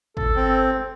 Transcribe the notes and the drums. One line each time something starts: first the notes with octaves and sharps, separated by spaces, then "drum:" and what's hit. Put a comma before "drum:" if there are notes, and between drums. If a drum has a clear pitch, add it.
A4, drum: kick
C4